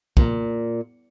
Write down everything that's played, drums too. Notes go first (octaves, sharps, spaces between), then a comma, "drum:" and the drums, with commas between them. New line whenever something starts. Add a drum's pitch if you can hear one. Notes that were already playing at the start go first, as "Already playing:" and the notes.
A#2, drum: kick